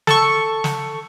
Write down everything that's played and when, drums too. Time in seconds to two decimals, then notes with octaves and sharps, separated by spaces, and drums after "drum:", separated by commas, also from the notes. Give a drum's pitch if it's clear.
0.07 A4 C#6, drum: snare
0.64 drum: snare